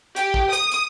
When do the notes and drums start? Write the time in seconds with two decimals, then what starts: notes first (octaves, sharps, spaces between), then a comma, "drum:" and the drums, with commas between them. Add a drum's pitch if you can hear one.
0.16 G4, drum: hi-hat
0.34 drum: kick A#1
0.53 D#6, drum: hi-hat
0.72 drum: hi-hat